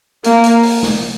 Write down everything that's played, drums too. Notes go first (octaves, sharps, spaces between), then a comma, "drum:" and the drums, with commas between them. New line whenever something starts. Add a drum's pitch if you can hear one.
A#3, drum: hi-hat
drum: hi-hat
drum: open hi-hat
drum: snare